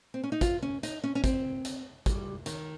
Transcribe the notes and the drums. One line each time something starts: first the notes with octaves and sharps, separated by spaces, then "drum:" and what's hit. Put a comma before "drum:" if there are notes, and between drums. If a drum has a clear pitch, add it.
C4
C#4
D#4
F4, drum: kick, hi-hat
C#4
D#4, drum: hi-hat
C#4
C#4
C4, drum: kick, hi-hat
drum: hi-hat
G3, drum: kick, hi-hat
D#3, drum: hi-hat